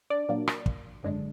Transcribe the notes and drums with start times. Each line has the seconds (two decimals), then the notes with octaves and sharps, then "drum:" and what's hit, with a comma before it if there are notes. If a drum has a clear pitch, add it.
0.10 D4 D5
0.29 A#2 F#3 A#3 D4
0.48 drum: rim click
0.66 drum: kick
1.03 G#1 F#2 D3 G#3 D4